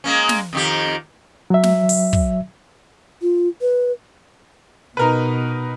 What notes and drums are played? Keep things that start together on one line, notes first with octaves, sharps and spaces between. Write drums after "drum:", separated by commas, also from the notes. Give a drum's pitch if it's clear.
G#3 A#3 C#4
drum: snare
F2 D#3 G4
F#3 E5
drum: snare
drum: open hi-hat
drum: kick
F4
B4
B2 D#4 A#4 B4